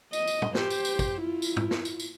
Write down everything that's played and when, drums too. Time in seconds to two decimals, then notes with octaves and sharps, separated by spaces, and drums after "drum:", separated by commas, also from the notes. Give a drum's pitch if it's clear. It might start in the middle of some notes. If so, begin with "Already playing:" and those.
0.13 D#5, drum: tambourine
0.27 drum: tambourine
0.42 drum: tom
0.55 G4 C5, drum: snare
0.70 drum: tambourine
0.85 drum: tambourine
0.99 drum: kick, tambourine
1.21 E4 F4
1.42 drum: tambourine
1.57 drum: tom
1.71 drum: snare
1.85 drum: tambourine
2.00 drum: tambourine